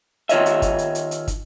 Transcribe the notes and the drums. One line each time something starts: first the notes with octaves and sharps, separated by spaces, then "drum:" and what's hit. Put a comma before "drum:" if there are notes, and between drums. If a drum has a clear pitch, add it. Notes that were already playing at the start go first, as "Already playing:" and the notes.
D#3 F4 C#5 D#5 E5, drum: hi-hat
drum: hi-hat
drum: kick, hi-hat
drum: hi-hat
drum: hi-hat
drum: hi-hat
drum: kick, hi-hat